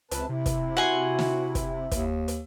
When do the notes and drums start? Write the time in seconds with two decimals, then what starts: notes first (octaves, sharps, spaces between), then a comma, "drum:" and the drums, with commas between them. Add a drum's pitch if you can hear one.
0.11 C#2 C3 B4 A5, drum: hi-hat
0.29 C3 E4
0.46 drum: kick, hi-hat
0.77 F#4 F#5 G#5 C6
1.19 drum: snare
1.55 drum: kick, hi-hat
1.91 D#2, drum: kick, hi-hat
2.28 drum: hi-hat